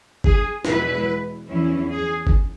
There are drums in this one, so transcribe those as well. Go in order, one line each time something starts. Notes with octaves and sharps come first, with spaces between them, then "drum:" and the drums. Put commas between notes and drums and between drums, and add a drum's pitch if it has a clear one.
G#4, drum: kick
E2 B2 G#3 E4 B4, drum: snare
E2 E3 C#4 E4
G#4
drum: kick